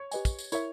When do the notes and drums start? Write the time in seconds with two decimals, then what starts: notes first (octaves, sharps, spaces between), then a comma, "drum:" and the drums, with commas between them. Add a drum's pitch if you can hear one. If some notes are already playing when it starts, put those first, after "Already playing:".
Already playing: C#5
0.11 G4 B4 D#5 G#5, drum: tambourine
0.25 drum: kick, tambourine
0.39 drum: tambourine
0.52 E4 A#4 C#5 E5, drum: tambourine